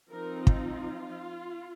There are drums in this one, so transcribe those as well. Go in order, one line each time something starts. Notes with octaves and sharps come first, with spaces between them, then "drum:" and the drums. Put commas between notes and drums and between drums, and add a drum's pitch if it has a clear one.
F3 C4 D#4 A#4
F4, drum: kick